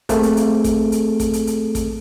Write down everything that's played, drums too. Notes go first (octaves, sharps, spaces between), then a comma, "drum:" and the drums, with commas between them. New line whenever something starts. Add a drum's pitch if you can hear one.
A3 A#3 C4 G#4 A4, drum: kick, hi-hat
drum: hi-hat
drum: hi-hat
drum: kick, hi-hat
drum: hi-hat
drum: kick, hi-hat
drum: hi-hat
drum: hi-hat
drum: kick, hi-hat